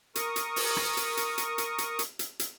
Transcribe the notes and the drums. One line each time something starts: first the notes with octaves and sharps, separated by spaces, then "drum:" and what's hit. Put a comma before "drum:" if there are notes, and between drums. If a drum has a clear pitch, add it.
A#4 C#6 D#6, drum: hi-hat
drum: hi-hat
drum: open hi-hat
drum: rim click
drum: hi-hat
drum: hi-hat
drum: hi-hat
drum: hi-hat
drum: hi-hat
drum: hi-hat
drum: hi-hat
drum: hi-hat